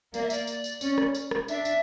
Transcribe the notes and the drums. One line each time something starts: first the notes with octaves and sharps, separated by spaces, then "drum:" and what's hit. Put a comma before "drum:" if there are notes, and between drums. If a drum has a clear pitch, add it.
A#3 D5, drum: tambourine
E5
D5, drum: tambourine
drum: tambourine
drum: tambourine
C#4, drum: tambourine
drum: rim click
drum: tambourine
drum: rim click
D4 E5, drum: tambourine
drum: tambourine